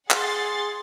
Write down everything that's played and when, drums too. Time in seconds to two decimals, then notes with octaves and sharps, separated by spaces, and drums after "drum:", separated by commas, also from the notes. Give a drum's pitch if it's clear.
0.10 G#4 F#5 C6 A6, drum: clap